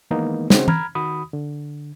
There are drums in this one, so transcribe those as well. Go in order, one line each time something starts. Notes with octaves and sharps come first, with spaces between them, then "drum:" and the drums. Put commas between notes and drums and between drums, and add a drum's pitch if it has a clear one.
D#3 E3 G#3 A#3 B3 D#4
C#3 G#3 C4 C#4 F#4 C5, drum: snare
A#5 B5 F6 G#6, drum: tom
D#3 F#4 B5 D#6
D3